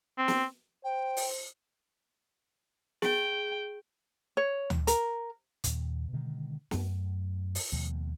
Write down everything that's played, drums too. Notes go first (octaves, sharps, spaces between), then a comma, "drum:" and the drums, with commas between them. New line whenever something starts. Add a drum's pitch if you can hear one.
C4
drum: snare
C5 G5
drum: open hi-hat
G#4 G5, drum: snare
C#5
drum: tom D2
A#4, drum: hi-hat
D#2 A#2, drum: hi-hat
B2 D3 D#3 G#3
F#2 A3, drum: snare
drum: open hi-hat
D#2 B2 F3 A3